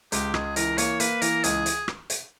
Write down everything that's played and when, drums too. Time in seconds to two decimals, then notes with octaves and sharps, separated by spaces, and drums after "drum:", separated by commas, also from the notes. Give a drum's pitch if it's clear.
0.12 C#2 G4, drum: hi-hat
0.34 C#2 G#4, drum: rim click
0.56 E3 A#4, drum: hi-hat
0.78 A#3 C#5, drum: hi-hat
1.00 A#3 B4, drum: hi-hat
1.22 E3 A#4, drum: hi-hat
1.44 C#2 G#4, drum: hi-hat
1.66 drum: hi-hat
1.88 drum: rim click
2.10 drum: hi-hat